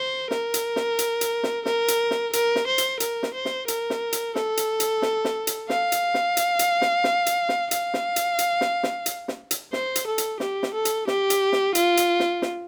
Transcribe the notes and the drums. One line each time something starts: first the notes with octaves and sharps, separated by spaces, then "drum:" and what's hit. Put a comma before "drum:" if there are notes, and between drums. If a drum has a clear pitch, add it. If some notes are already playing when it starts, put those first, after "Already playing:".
Already playing: C5
A#4, drum: snare
drum: hi-hat
drum: snare
drum: hi-hat
drum: hi-hat
drum: snare
A#4, drum: snare
drum: hi-hat
drum: snare
A#4, drum: hi-hat
drum: snare
C5
drum: hi-hat
A#4, drum: hi-hat
drum: snare
C5
drum: snare
A#4, drum: hi-hat
drum: snare
drum: hi-hat
A4, drum: snare
drum: hi-hat
drum: hi-hat
drum: snare
drum: snare
drum: hi-hat
F5, drum: snare
drum: hi-hat
drum: snare
drum: hi-hat
drum: hi-hat
drum: snare
drum: snare
drum: hi-hat
drum: snare
F5, drum: hi-hat
drum: snare
drum: hi-hat
drum: hi-hat
drum: snare
drum: snare
drum: hi-hat
drum: snare
drum: hi-hat
C5, drum: snare
drum: hi-hat
A4
drum: hi-hat
G4, drum: snare
drum: snare
A4
drum: hi-hat
G4, drum: snare
drum: hi-hat
drum: snare
F4, drum: hi-hat
drum: hi-hat
drum: snare
drum: snare